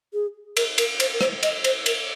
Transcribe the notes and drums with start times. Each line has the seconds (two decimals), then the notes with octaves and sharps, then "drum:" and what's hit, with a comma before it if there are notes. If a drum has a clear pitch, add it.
0.13 G#4
0.57 A#4, drum: cymbal
0.78 A#4, drum: cymbal
1.00 C5, drum: cymbal
1.13 A#4
1.21 C5, drum: rim click
1.43 D#5, drum: cymbal
1.64 C5, drum: cymbal
1.86 A#4, drum: cymbal